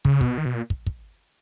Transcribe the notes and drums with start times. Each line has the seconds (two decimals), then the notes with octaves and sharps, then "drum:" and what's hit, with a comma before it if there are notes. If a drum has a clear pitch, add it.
0.05 C#3, drum: kick
0.21 B2, drum: kick
0.38 D#3
0.46 B2
0.54 A#2
0.70 drum: kick
0.87 drum: kick